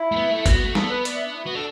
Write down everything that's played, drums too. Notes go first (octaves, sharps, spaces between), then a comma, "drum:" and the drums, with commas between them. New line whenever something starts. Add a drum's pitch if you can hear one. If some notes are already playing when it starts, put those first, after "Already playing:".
Already playing: E4
A3
B3
A3
E4
B3 F#4, drum: kick G1, hi-hat
A3
B3 A4, drum: snare
B4
D5, drum: hi-hat
E5
D4
E4
B3 F#4
D4 A4